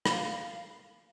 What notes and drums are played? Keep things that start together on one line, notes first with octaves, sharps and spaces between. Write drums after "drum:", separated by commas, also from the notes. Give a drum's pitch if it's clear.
F5, drum: rim click